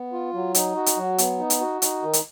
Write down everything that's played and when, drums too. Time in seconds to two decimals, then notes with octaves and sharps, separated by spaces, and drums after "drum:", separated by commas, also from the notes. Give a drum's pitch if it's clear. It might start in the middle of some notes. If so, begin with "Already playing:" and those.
Already playing: B3
0.13 F4
0.33 F#3
0.55 D#4, drum: hi-hat
0.75 F#4
0.86 drum: hi-hat
0.96 F#3
1.18 B3, drum: hi-hat
1.39 D#4
1.50 drum: hi-hat
1.60 F#4
1.82 D#4, drum: hi-hat
2.02 D#3
2.13 drum: hi-hat